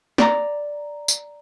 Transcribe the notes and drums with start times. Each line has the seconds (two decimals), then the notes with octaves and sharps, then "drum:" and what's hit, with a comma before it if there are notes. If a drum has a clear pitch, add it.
0.18 D5 A#5, drum: snare
1.08 drum: tambourine